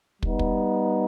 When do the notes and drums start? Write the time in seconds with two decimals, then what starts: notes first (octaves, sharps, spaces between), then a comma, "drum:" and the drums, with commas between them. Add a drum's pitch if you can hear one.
0.23 G3 B3 D#4, drum: kick
0.39 drum: kick